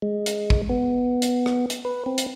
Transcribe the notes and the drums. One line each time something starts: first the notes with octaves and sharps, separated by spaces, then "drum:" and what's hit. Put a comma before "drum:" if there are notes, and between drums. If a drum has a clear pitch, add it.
G#3
drum: hi-hat
drum: kick
B3
drum: hi-hat
drum: rim click
drum: hi-hat
B4
C4
drum: hi-hat